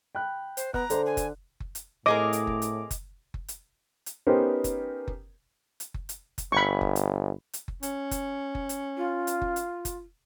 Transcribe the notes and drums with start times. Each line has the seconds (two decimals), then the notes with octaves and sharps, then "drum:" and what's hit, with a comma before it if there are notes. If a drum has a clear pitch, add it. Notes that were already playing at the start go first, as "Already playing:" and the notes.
0.15 G5 B5 F#6
0.57 C5, drum: hi-hat
0.74 B3 A#5 F#6, drum: kick F#1
0.90 D3 A4 C5, drum: hi-hat
1.06 G#5
1.17 drum: kick F#1, hi-hat
1.60 drum: kick F#1
1.75 drum: hi-hat
2.06 A2 C4 G#4 A#4 D#5 D6
2.33 drum: hi-hat
2.47 drum: kick F#1
2.62 drum: hi-hat
2.91 drum: kick F#1, hi-hat
3.34 drum: kick F#1
3.48 drum: hi-hat
4.06 drum: hi-hat
4.27 B3 C#4 D#4 G4 A#4 C5
4.64 drum: kick F#1, hi-hat
5.08 drum: kick F#1
5.80 drum: hi-hat
5.94 drum: kick F#1
6.09 drum: hi-hat
6.38 drum: kick F#1, hi-hat
6.52 G1 B5 C#6
6.81 drum: kick F#1
6.96 drum: hi-hat
7.53 drum: hi-hat
7.68 drum: kick F#1
7.83 C#4, drum: hi-hat
8.11 drum: kick F#1, hi-hat
8.55 drum: kick F#1
8.69 drum: hi-hat
8.97 F4
9.27 drum: hi-hat
9.42 drum: kick F#1
9.56 drum: hi-hat
9.85 drum: kick F#1, hi-hat